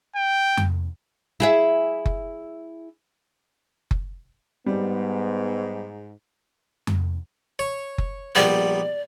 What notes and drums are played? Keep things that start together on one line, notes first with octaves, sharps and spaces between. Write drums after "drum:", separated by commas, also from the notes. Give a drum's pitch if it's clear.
G5
drum: tom F2
E4 G#4 E5
drum: kick F#1
drum: kick F#1
G#2 G3 B3
drum: tom F2
C#5
drum: kick F#1
A#1 G3 B3 D5